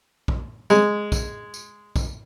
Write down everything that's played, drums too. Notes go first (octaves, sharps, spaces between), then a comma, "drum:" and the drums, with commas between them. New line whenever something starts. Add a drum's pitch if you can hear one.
drum: kick
G#3, drum: tambourine
drum: kick, tambourine
drum: tambourine
drum: kick, tambourine